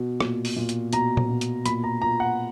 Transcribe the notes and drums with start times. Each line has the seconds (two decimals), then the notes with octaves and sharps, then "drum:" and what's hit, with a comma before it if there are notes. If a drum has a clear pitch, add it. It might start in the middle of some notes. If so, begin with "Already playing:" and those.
Already playing: B2
0.20 A#2, drum: rim click
0.45 drum: open hi-hat
0.56 A#2
0.69 drum: hi-hat
0.93 B2 A#5, drum: hi-hat
1.17 drum: tom A#2
1.29 B2
1.41 drum: hi-hat
1.66 A#2 B5, drum: hi-hat
1.84 A#5
2.02 A#2 A#5
2.20 F#5